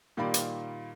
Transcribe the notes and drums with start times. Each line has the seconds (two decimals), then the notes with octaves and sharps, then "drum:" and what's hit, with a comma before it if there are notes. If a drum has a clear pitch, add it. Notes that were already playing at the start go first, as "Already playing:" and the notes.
0.17 A#2 D#3 G3 A#3 D5 B5
0.34 drum: hi-hat